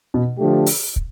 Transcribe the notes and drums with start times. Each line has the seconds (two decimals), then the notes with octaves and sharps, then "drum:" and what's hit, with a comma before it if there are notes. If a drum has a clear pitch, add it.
0.14 B2
0.36 D3 F3 A3 D4 G4
0.66 drum: open hi-hat
0.96 drum: kick